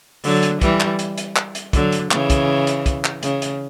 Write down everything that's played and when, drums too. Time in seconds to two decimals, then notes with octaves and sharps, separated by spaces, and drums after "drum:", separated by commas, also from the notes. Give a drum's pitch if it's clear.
0.24 D3 F#3, drum: open hi-hat
0.43 drum: hi-hat
0.61 E3 G3, drum: kick, hi-hat
0.80 drum: clap
0.99 drum: hi-hat
1.18 drum: hi-hat
1.36 drum: clap
1.55 drum: hi-hat
1.73 D3 F#3, drum: kick, hi-hat
1.92 drum: hi-hat
2.11 C#3 E3, drum: clap
2.30 drum: kick, hi-hat
2.67 drum: hi-hat
2.86 drum: kick, hi-hat
3.05 drum: clap
3.23 C#3, drum: hi-hat
3.42 drum: hi-hat